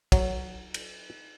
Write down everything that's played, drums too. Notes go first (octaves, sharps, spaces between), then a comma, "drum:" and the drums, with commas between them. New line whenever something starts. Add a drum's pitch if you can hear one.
F#3, drum: kick, cymbal
drum: cymbal